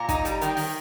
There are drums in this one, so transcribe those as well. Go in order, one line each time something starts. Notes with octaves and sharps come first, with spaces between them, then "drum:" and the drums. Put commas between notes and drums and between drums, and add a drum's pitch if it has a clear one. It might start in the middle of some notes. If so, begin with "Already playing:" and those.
Already playing: A#2 A#5
D#4, drum: kick, hi-hat
G3, drum: hi-hat
D#3 G5, drum: hi-hat
D#3, drum: open hi-hat